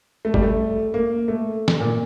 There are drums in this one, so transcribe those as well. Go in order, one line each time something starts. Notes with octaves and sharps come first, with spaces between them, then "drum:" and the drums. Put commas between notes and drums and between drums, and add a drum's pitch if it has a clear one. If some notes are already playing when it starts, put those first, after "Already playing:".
A3
G3, drum: kick G1
A3
A#3
A3
drum: snare
A#2